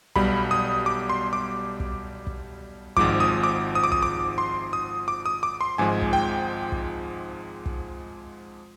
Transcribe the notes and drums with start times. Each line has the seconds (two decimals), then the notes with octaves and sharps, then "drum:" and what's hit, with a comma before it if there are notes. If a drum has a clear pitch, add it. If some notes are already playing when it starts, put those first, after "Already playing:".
0.16 B1 B2 G3 B5, drum: kick
0.51 D#6
0.86 D6
1.09 C6
1.33 D6
1.80 drum: kick
2.27 drum: kick
2.97 G#1 G#2 F3 D6, drum: kick
3.20 D#6
3.44 D6
3.75 D#6
3.84 D6
3.92 D#6, drum: kick
4.03 D6
4.38 C6
4.73 D#6
5.08 D6
5.26 D#6
5.43 D6
5.61 C6
5.78 G#1 G#2 F3 G#3 G#5
6.02 drum: kick
6.13 G5
6.72 drum: kick
7.66 drum: kick